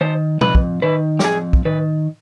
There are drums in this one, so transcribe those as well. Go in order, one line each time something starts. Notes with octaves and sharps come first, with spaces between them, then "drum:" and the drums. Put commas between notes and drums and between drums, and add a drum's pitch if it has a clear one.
D#3 C5
F2 B4, drum: tom
drum: kick
D#3 B4
G4, drum: snare
F2 G#4
drum: kick
D#3 B4